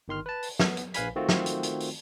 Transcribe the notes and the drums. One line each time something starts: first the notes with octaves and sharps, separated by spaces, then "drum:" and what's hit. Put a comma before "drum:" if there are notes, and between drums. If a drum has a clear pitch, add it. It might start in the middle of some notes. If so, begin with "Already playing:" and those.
G1 D#3 C6 F6
B4 A5
drum: open hi-hat
B3, drum: snare
drum: hi-hat
A#1 B4 F5 G#5 B5 B6, drum: hi-hat
D#3 A3 C4 F4 F#4
drum: snare
drum: hi-hat
drum: hi-hat
drum: open hi-hat